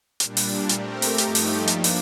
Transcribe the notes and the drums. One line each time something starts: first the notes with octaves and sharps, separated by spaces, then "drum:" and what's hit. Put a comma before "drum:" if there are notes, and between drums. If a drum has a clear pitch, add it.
A#2 G3 D4, drum: hi-hat
drum: open hi-hat
A3 C4 G4 A#4, drum: hi-hat
drum: open hi-hat
G2 F3 A3 D#4 G4, drum: hi-hat
drum: open hi-hat
F3 A#3 D4, drum: hi-hat
drum: open hi-hat